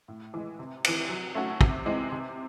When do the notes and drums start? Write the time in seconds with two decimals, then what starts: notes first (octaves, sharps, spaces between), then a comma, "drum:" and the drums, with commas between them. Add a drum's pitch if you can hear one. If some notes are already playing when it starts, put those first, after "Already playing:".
0.08 A2
0.34 E3 G#3
0.59 C3
0.84 E3 C4, drum: cymbal
1.09 F#3
1.35 A3 C#4 F#4
1.61 C3, drum: kick
1.86 E3 G#3 C4
2.12 C3